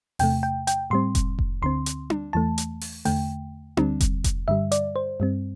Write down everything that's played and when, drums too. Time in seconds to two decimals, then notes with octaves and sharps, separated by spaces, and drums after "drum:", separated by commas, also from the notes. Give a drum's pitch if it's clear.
0.19 E2 C3 A3 G5, drum: open hi-hat
0.43 G5
0.67 G5, drum: hi-hat
0.90 A2 G3 C4 C6
1.15 drum: kick F1, hi-hat
1.39 drum: kick F1
1.62 D2 D3 C4 C6
1.86 drum: hi-hat
2.10 drum: tom D4
2.33 E2 E3 A3 A5
2.58 drum: hi-hat
2.81 drum: open hi-hat
3.05 E2 D3 A3 G5, drum: open hi-hat
3.77 D2 D3 G3 C4, drum: tom D4
4.00 drum: kick F1, hi-hat
4.24 drum: kick F1, hi-hat
4.48 G2 D3 G3 E5
4.72 D5, drum: hi-hat
4.96 C5
5.20 G2 G3 C4